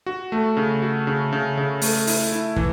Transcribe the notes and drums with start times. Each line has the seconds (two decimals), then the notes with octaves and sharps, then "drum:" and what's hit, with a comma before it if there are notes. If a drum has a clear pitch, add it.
0.06 F#4
0.32 A3
0.57 C#3
0.82 F#4
1.07 C#3
1.33 C#3
1.57 C#3
1.82 A3, drum: open hi-hat
2.07 E4, drum: open hi-hat
2.33 E4
2.56 E3, drum: kick